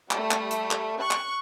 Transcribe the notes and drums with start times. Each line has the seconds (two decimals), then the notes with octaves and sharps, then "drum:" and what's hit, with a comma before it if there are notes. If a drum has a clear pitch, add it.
0.11 G3 A3, drum: clap
0.31 drum: clap
0.51 drum: hi-hat
0.71 drum: clap
1.00 C#6 F#6
1.11 drum: clap